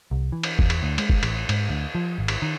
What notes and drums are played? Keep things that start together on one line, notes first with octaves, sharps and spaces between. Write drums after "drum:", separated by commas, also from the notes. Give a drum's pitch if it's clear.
C2
E3
drum: cymbal
E2, drum: kick F#1
drum: cymbal
D2
G#3, drum: cymbal
drum: kick F#1
A1, drum: cymbal
G#2, drum: cymbal
D2
F3
G#1
drum: cymbal
D#3